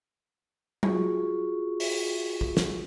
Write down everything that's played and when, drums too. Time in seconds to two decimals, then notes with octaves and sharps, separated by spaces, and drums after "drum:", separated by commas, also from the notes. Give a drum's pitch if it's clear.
0.83 F4 F#4 G#4 C#6, drum: tom F#3
1.80 drum: open hi-hat
2.41 drum: kick A#1
2.57 drum: snare